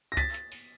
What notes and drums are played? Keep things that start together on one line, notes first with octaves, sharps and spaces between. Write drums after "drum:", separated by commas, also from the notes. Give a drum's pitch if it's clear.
A#6
A6 B6, drum: kick C#2, hi-hat
drum: hi-hat
drum: open hi-hat